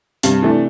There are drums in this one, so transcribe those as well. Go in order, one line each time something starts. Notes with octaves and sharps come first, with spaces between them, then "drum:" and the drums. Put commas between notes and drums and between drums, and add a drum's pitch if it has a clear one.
G2 C3, drum: hi-hat
E3 A3 D4